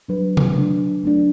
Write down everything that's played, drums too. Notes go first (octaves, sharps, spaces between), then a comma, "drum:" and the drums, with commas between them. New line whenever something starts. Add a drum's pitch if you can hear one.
F#3 D4 B4
drum: tom C3
F#3 A3 D4
F#3 A3 D4